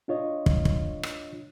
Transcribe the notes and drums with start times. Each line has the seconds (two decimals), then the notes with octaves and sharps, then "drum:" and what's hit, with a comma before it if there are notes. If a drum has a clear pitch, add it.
0.08 D4 F4 C#5 D#5
0.46 drum: kick
0.65 drum: kick
1.03 drum: rim click